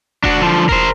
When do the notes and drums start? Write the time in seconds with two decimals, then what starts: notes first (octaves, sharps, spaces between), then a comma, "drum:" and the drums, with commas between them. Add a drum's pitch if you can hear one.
0.24 D4 F#4, drum: kick E1
0.41 D3 F3
0.69 A#4 C5, drum: kick E1